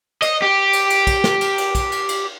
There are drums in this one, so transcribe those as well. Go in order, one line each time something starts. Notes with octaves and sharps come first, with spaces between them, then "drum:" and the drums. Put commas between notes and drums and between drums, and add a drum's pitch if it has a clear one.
D#5, drum: cymbal
G4
drum: cymbal
drum: cymbal
drum: kick, cymbal
drum: snare
drum: cymbal
drum: cymbal
drum: kick, cymbal
drum: cymbal
drum: cymbal